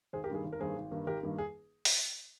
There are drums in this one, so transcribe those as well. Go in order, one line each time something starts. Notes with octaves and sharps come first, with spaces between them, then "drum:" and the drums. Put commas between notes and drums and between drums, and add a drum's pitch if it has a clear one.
G#1 G#4 C5
G4 A#4
G2 D#3 G3 A#3 G#4
G#1
A#4
G2 D#3 G3 A#3 G#4 C5
G#1
G2 D#3 G3 A#3
G#1 G4 A#4
G2 D#3 G3 A#3
G#4
drum: open hi-hat